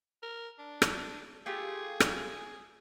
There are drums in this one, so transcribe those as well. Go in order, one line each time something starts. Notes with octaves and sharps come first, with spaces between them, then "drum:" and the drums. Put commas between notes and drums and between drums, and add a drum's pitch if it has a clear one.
A#4
D4
drum: rim click
A3 F4 G4 G#4
drum: rim click